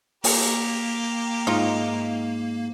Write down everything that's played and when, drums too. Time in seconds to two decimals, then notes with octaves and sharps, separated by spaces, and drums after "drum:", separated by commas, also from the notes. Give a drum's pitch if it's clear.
0.24 A#3 G4 A#4, drum: open hi-hat
1.47 G#2 D#4 F4